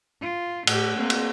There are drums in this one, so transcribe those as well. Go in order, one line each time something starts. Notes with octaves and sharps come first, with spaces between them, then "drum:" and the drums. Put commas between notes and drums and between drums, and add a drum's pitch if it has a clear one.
F4
A2 G4, drum: cymbal
A#3 C4
drum: cymbal